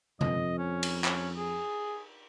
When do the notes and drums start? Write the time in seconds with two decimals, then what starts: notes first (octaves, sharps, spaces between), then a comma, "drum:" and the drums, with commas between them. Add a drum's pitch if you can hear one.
0.21 F2 D#5, drum: tom C3
0.58 C#4
0.83 drum: cymbal
1.04 C#4, drum: clap
1.37 G#4